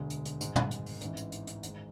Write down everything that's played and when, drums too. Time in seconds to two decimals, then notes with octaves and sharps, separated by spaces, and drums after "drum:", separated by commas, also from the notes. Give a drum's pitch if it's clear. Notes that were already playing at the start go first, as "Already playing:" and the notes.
Already playing: E1 D2 D3 G#3
0.10 drum: hi-hat
0.25 drum: hi-hat
0.41 G#1 G#2 G#3, drum: hi-hat
0.56 drum: tom
0.71 drum: hi-hat
0.86 drum: open hi-hat
1.01 A1 G#2 E3, drum: hi-hat
1.17 drum: hi-hat
1.32 drum: hi-hat
1.47 drum: hi-hat
1.63 G#1 G#2 G#3, drum: hi-hat